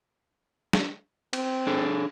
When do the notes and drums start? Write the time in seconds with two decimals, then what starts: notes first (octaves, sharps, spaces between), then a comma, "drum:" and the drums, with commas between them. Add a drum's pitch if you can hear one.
0.73 drum: snare
1.33 C4, drum: cymbal
1.67 D4 G#4 A4